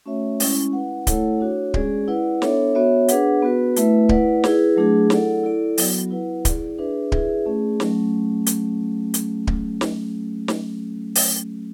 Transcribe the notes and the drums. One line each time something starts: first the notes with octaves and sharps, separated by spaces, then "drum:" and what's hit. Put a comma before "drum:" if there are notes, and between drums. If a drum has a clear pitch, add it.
A3 C#4 F#4 C#5 E5
G#3 C#4 E4, drum: open hi-hat
E4 B4 F#5
A3 E4 A4 C#5 F#5, drum: kick D1, hi-hat
D4 F#4 C#5
G#3 C#4 G#4 D5, drum: kick D1
E4 B4 D5 F#5
B3 D4 A4 C#5 E5, drum: snare
B3 F#4 C#5 E5
D4 G#4 B4 F#5, drum: hi-hat
B3 F#4 B4
A3 E4 B4 E5, drum: hi-hat
E4 B4 D5 F#5, drum: kick D1
E4 G#4 B4, drum: snare
F#3 A3 D4 G#4
E4 A4 D5 F#5, drum: snare
E4 A4 D5
F#3 B3 F#4, drum: open hi-hat
E4 B4 F#5
E4 G#4 D5, drum: kick D1, hi-hat
D4 G#4 B4 E5
E4 G#4 B4 E5, drum: kick D1
A3 C#4 G#4 D5
F#3 A3 C#4, drum: snare
drum: hi-hat
drum: hi-hat
drum: kick D1
drum: snare
drum: snare
drum: open hi-hat